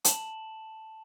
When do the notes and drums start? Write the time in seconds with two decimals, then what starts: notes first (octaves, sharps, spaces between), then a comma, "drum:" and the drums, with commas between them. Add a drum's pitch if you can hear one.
0.05 A5 E7 F#7, drum: hi-hat